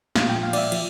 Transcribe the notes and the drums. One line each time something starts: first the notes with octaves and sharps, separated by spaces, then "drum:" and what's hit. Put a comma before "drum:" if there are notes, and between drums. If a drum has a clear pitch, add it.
A#2 F3 F5, drum: snare
G5
F5
D5, drum: cymbal
E5
F3, drum: cymbal